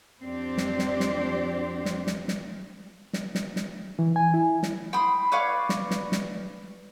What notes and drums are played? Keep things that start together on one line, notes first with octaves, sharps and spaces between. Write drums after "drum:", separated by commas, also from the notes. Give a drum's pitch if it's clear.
F2 C4 D4 G4 C5 D5
drum: snare
drum: snare
drum: snare
drum: snare
drum: snare
drum: snare
drum: snare
drum: snare
drum: snare
E3
G#5
E4
drum: snare
G5 B5 C6 D#6
B4 C#5 D5 F5
drum: snare
drum: snare
drum: snare